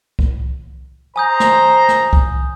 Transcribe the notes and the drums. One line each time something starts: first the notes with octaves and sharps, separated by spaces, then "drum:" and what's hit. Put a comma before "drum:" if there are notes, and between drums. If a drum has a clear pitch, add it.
drum: kick C2
C5 G#5 A#5 D#6 G6
drum: snare
drum: snare
drum: kick C2